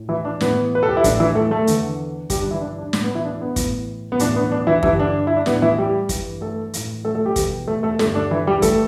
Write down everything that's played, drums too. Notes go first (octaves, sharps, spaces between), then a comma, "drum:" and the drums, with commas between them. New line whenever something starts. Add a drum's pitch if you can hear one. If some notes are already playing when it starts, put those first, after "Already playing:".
Already playing: A2
E3 E4
D4
A2 E3 B3, drum: snare
B4
A4
G4
E4
A2 E3 D4, drum: kick, hi-hat
E3 E4
A3 A4
A3 A4
E2 D3, drum: hi-hat
G2 D3 G3 G4, drum: kick, hi-hat
D4
E3 E4
D4
D4
A2 E3, drum: snare
B3
E3 E4
D4
B3
A2 E3, drum: kick, hi-hat
B3
A2 E3 D4, drum: hi-hat
B3
D4
E3 E4
G2 D3 E3 E4, drum: kick
D4
E4
D4
A2 E3 B3, drum: snare
E3 E4
G3 G4
E3, drum: kick, hi-hat
G2
A3 A4
A2 E3, drum: hi-hat
A3 A4
A3 A4
G3 G4
E2 B2, drum: kick, hi-hat
A3 A4
A3 A4
G2 D3 A3 A4, drum: snare
D4
E3 E4
G3 G4
E3 A3 A4, drum: kick, hi-hat